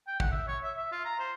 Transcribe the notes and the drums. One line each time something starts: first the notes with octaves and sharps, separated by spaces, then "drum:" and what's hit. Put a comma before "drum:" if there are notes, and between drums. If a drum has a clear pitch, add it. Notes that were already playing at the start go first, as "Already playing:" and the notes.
G5
F#5, drum: kick
E5
C#5
E5
E5
F4
A#5
C5